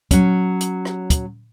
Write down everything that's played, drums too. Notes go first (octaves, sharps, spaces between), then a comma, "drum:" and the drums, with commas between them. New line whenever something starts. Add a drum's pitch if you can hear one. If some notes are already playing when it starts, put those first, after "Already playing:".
F#3 C#4, drum: kick, hi-hat
drum: hi-hat
drum: rim click
drum: kick, hi-hat